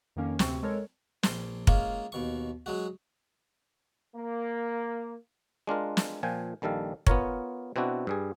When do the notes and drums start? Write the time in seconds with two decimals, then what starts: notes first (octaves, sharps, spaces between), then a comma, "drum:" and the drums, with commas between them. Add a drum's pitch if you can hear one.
0.16 F2 D#3 A#3 C#4
0.39 D2 C3 C4 C#6, drum: snare
0.62 G#3 A4 A#4 C#5
1.23 A#1 C6, drum: snare
1.67 G#3 A#3 C#4 F4, drum: kick
2.12 D#2 B2 C#6
2.66 F#3 G#3 F#4
4.15 A#3
5.67 G#3 D4 F4 A#4
5.97 drum: snare
6.23 A#2 F3 G5 G#5
6.62 A#1 D#3 G3 A4 F5
7.07 B3 F4 A#4 C#5, drum: kick
7.76 B2 C4 D4 E4 F#4
8.07 G2 G3 G#4